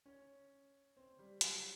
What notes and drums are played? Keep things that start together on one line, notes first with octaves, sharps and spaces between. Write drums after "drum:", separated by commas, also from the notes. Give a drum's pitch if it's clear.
C#4
C4
G3
F#3, drum: hi-hat